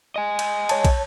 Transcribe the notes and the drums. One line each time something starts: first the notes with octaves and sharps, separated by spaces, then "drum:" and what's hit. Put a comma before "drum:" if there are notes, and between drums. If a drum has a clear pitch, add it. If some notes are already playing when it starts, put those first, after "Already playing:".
D#5 G#5
drum: cymbal
C#5 A5, drum: cymbal
drum: kick, cymbal